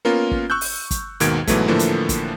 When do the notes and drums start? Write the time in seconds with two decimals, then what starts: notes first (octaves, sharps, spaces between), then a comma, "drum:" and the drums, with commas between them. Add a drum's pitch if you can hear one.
0.05 A#3 B3 C#4 F4 A#4
0.31 drum: kick
0.50 C#6 E6 F#6 G6
0.61 drum: open hi-hat
0.91 drum: kick, hi-hat
1.20 D#2 G#2 B2 D#3 G#6 D7, drum: hi-hat
1.47 G#2 B2 E3 F#3 A3, drum: kick, hi-hat
1.68 A2 D3 E3 F3 A3 A#3
1.79 drum: hi-hat
2.09 drum: kick, hi-hat